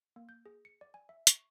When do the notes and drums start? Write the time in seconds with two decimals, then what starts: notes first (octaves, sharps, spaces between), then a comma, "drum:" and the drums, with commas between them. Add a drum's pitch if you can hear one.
0.16 A#3
0.29 G6
0.46 G#4
0.65 C#7
0.81 D5
0.94 G#5
1.09 E5
1.27 C#6, drum: hi-hat